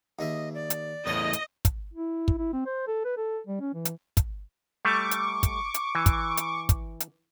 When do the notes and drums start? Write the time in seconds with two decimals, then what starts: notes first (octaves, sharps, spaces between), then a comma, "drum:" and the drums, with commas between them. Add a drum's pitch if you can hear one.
0.19 D#2 G#4 D#5 E5
0.54 D5
0.70 drum: hi-hat
1.07 E2 A2 G#4 C#5 D#5 A5
1.33 drum: hi-hat
1.65 drum: kick, hi-hat
1.94 E4
2.28 drum: kick
2.39 E4
2.53 C4
2.66 C5
2.87 A4
3.05 B4
3.17 A4
3.47 G3
3.61 C#4
3.74 E3
3.85 drum: hi-hat
4.17 drum: kick, hi-hat
4.85 G3 A3 C#6 D6
5.11 drum: hi-hat
5.43 drum: kick, hi-hat
5.74 drum: hi-hat
5.95 E3
6.06 drum: kick, hi-hat
6.37 drum: hi-hat
6.69 drum: kick, hi-hat
7.00 drum: hi-hat